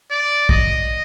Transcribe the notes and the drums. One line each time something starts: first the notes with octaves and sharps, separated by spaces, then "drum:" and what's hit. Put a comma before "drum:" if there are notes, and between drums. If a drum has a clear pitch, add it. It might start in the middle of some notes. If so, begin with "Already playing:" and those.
D5
D#5, drum: kick